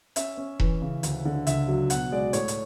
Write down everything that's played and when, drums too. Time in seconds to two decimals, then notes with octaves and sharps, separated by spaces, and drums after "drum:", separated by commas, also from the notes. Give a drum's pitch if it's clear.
0.16 C#4 E5, drum: hi-hat
0.38 C#4
0.60 E3, drum: kick E1
0.82 C#3
1.03 D2, drum: hi-hat
1.25 D3
1.47 C#2 E5, drum: hi-hat
1.68 F#3
1.90 B2 F#5, drum: hi-hat
2.11 G#3 D5
2.33 A2 C#5, drum: hi-hat
2.48 drum: hi-hat